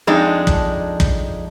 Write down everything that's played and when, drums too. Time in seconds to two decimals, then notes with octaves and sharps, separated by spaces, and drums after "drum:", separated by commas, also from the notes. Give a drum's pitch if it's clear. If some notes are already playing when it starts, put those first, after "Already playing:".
0.07 F2 G#3 D4 D#4
0.47 drum: kick
1.00 drum: kick